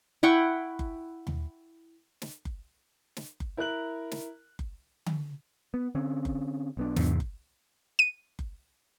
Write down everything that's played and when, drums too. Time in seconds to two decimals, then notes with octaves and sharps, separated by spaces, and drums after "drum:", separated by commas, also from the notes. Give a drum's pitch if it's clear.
0.23 E4 F#5 G5 C#6
0.79 drum: kick F#1
1.27 drum: tom D#2
2.22 drum: snare
2.45 drum: kick F#1
3.17 drum: snare
3.40 drum: kick F#1
3.57 E4 A#4 A#5 F#6 F#7
4.11 drum: snare
4.59 drum: kick F#1
5.06 drum: tom D3
5.74 B3
5.95 D3 C4 C#4
6.25 drum: kick F#1
6.77 B1 B3 D4
6.96 E2 G#2 C3, drum: snare
7.20 drum: kick F#1
7.99 D#7
8.39 drum: kick F#1